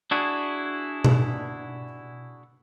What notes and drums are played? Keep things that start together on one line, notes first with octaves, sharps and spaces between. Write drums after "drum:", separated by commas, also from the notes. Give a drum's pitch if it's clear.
D4 E4 F#4 G#4
drum: tom B2